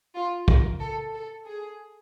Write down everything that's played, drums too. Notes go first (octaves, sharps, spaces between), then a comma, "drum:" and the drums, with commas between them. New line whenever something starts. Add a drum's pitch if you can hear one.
F4
A#4, drum: kick
A4
A4
G#4